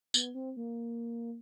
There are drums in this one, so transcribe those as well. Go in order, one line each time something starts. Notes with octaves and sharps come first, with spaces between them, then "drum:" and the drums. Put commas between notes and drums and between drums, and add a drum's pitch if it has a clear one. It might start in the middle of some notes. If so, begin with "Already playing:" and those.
B3, drum: tambourine
C4
A#3